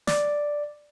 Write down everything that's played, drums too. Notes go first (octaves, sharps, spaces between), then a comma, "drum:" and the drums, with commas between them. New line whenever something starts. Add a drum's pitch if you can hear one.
D5, drum: snare